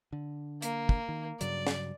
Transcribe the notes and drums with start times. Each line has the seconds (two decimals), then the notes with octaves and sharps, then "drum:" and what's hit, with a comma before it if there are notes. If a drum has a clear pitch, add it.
0.12 D3
0.62 A#3, drum: hi-hat
0.89 drum: kick
1.09 D#3
1.41 G2 C#3 F#3 D5, drum: hi-hat
1.67 drum: snare